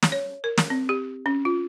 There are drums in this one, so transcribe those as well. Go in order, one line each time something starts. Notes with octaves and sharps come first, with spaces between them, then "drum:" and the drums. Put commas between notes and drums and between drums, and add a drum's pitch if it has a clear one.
drum: snare
C#5
A#4
drum: snare
C4
G4
C#4
F4